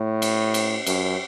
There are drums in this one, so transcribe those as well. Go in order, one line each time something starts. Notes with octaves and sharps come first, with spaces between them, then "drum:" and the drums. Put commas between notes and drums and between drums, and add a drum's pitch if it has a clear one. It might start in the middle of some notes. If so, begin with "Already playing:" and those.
Already playing: A2
drum: cymbal
drum: cymbal
F#2, drum: cymbal